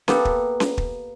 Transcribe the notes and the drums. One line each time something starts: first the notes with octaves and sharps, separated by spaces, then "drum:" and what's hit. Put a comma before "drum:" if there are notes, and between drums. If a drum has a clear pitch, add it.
A#3 B3 G4 A4, drum: snare C#4
drum: kick
drum: snare C#4
drum: kick